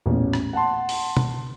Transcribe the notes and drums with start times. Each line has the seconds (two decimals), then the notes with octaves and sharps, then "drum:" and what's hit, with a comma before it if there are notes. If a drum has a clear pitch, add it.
0.06 A1 E2 A#2 C#4
0.33 drum: rim click
0.53 F#5 A5 C6
0.89 drum: open hi-hat
1.17 drum: tom